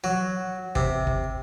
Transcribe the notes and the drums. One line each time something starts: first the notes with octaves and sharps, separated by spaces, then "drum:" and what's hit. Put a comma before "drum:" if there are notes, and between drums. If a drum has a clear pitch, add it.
F#3
C3, drum: kick
drum: kick